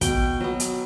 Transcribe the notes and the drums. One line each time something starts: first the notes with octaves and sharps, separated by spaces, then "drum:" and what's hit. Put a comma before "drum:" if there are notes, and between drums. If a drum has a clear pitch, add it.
B2 G5, drum: kick, hi-hat
F#3 B3
drum: hi-hat